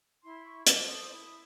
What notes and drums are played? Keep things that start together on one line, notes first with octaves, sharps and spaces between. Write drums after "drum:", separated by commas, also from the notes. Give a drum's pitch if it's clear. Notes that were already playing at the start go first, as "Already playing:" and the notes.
E4 C6
C#6
A4 C5 D6, drum: hi-hat
D#6
E4 D#6